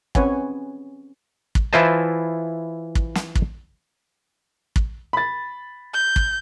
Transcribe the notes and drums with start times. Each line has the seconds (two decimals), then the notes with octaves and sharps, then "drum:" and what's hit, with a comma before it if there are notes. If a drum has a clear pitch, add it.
0.15 C4 C#4 B4 C#5 F#5 G#5, drum: kick
1.55 drum: kick
1.73 E3 E4 F4 C5 D#5 A5
2.95 drum: kick
3.15 drum: snare
3.35 drum: kick
4.76 drum: kick
5.13 B5 A6
5.94 G6
6.16 drum: kick